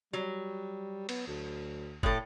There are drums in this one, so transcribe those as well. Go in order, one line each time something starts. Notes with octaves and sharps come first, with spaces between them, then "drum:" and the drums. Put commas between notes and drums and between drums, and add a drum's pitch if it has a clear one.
F#3 G3
B3, drum: cymbal
D2
A2 A4, drum: kick